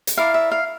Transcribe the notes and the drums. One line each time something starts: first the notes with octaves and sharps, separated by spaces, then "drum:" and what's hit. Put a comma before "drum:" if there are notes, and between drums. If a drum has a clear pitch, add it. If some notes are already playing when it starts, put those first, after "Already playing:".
drum: hi-hat
E4 A#4 D5 F5
E5
F5